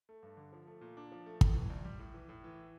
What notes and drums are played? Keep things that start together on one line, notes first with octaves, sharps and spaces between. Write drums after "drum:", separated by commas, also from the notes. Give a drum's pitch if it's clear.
A3
G2
D3
F3
A3
A#2
D4
F3
A3
A2, drum: kick
E3
A#1
G3
A2
E3
A2
E3